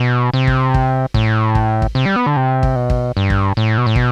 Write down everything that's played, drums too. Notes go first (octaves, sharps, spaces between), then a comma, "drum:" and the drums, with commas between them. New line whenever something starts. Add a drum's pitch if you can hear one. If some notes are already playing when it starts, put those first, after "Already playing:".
Already playing: B2
C3
drum: kick
drum: kick
A2, drum: kick
drum: kick
drum: kick
C3
G3
B3
D3
C3
drum: kick
B2
drum: kick
G2
drum: kick
A2
B2
A2
B2, drum: kick